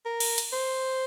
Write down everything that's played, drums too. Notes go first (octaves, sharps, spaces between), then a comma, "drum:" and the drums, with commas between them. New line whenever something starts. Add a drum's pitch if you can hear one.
A#4
drum: cymbal
drum: hi-hat
C5